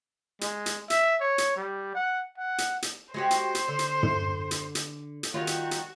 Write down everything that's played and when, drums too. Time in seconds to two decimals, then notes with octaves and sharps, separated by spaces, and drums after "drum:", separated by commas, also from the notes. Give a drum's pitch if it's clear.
0.41 G#3, drum: hi-hat
0.66 drum: hi-hat
0.90 E5, drum: hi-hat
1.21 C#5
1.38 drum: hi-hat
1.56 G3
1.95 F#5
2.38 F#5
2.58 drum: hi-hat
2.82 drum: hi-hat
3.14 G#3 F#4 G4 C5
3.31 drum: hi-hat
3.55 drum: hi-hat
3.68 D3
3.79 drum: hi-hat
4.03 drum: tom
4.51 drum: hi-hat
4.75 drum: hi-hat
5.23 drum: hi-hat
5.34 D#3 G3 F4 F#4
5.47 drum: hi-hat
5.71 drum: hi-hat